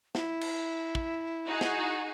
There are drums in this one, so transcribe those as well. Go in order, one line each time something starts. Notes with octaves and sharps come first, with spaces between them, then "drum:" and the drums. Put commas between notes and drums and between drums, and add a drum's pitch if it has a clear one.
E4, drum: snare
drum: cymbal
drum: kick
D#4 F#4 G#4
drum: snare